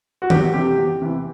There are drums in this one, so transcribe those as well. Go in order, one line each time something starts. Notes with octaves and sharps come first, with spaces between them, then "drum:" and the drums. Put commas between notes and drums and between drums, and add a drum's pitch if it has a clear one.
F#4
E2 G4, drum: tom D#3
C3 E3 G4
E2
C3 E3